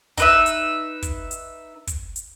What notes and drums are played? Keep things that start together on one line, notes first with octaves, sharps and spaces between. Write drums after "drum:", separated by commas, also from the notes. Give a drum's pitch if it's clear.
D#4 B4 E5, drum: kick, hi-hat
drum: hi-hat
drum: kick, hi-hat
drum: hi-hat
drum: kick, hi-hat
drum: hi-hat